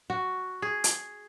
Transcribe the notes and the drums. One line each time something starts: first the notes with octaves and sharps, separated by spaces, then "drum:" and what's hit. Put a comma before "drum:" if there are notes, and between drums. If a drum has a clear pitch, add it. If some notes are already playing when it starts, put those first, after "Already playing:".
F#4
G#4
drum: hi-hat